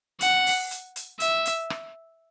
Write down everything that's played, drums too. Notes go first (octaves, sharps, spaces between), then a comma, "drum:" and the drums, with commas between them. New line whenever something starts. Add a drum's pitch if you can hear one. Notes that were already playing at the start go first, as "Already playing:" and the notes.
F#5, drum: hi-hat
drum: open hi-hat
drum: hi-hat
drum: hi-hat
E5, drum: hi-hat
drum: hi-hat
drum: rim click